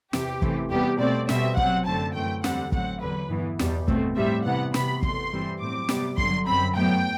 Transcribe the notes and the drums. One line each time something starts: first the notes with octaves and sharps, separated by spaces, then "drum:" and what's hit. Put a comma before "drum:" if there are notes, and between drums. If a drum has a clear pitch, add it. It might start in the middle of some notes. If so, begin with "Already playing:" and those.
E2 C3 E3 G4, drum: snare
C3 E3 A3 C4, drum: kick
E2 C3 G3 B3 G4
B2 A3 C4 D5
B2 G3 C4 E5, drum: snare
C3 F#3 C4 F#5, drum: kick
F#2 D3 A3 C4 A5
F#2 E3 A3 C4 G5
E2 D3 G3 C4 F#5, drum: snare
A2 F#3 C4 F#5, drum: kick
E2 D3 F#3 B4
G2 E3 B3
E2 B2 G3, drum: snare
B2 A3 C4, drum: kick
A2 G3 C4 E5
C3 E3 B3 F#5
C3 G3 B3 B5, drum: snare
E2 B2 A3 C6, drum: kick
G2 E3 G3 C4
A2 F#3 C4 D6
C3 G3 B3, drum: snare
G2 D3 F#3 C6, drum: kick
F#2 F#3 C4 B5
A2 F#3 B3 G5